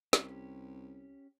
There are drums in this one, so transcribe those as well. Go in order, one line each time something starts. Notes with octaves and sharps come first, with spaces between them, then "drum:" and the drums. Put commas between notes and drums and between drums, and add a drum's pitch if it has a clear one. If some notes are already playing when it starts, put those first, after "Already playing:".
C2 C#4 G4, drum: snare